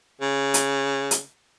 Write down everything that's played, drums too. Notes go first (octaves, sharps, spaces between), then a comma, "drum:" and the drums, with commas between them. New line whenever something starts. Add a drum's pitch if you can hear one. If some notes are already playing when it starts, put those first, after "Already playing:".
C#3
drum: hi-hat
drum: hi-hat